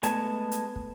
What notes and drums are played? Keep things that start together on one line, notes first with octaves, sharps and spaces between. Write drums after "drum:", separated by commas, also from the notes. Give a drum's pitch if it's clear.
G#3 A3 B3 G#5 A5, drum: hi-hat
drum: hi-hat
drum: kick